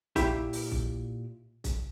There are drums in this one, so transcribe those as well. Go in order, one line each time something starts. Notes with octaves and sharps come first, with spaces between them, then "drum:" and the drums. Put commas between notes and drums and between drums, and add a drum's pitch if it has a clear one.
A#2 E4 G4 G5, drum: kick, hi-hat
drum: open hi-hat
drum: kick
drum: kick, hi-hat